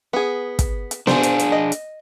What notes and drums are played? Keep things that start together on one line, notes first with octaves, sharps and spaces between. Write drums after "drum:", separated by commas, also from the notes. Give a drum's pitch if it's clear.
B3 G#4
drum: kick, hi-hat
drum: hi-hat
D4 G#4 C5, drum: snare B3
drum: hi-hat
drum: hi-hat
D#5
drum: hi-hat